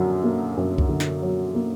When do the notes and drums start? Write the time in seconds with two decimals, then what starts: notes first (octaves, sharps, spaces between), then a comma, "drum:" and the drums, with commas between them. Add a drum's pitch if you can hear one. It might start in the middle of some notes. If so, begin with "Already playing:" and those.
Already playing: F#2 D3 F#3
0.24 A#3
0.57 F#2
0.78 drum: kick B1
0.89 D3
1.00 drum: snare
1.22 F#3
1.55 A#3